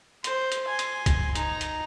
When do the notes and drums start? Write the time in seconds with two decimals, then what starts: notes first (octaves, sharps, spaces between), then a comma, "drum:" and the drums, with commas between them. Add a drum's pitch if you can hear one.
0.24 C5, drum: hi-hat
0.52 drum: hi-hat
0.64 G#5 C6
0.79 drum: hi-hat
1.06 drum: kick, hi-hat
1.35 D#4 A#5, drum: hi-hat
1.61 drum: hi-hat